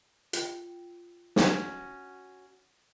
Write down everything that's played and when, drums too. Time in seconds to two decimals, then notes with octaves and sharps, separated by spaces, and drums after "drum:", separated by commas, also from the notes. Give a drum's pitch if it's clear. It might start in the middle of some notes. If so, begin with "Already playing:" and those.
0.33 F4 G5, drum: hi-hat
1.36 C#4 F#4, drum: snare